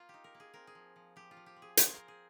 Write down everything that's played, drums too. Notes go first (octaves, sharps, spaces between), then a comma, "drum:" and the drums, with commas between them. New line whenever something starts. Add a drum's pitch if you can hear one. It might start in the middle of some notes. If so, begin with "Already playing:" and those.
Already playing: A#3 F4
D#4 G4
A#4
A#3
G#4
C4 A#4
G#4
F3
F3
F3 G4
F4
F3
G4
C4
G#4
C4 G#4, drum: hi-hat
C5
C4 A#4
G#4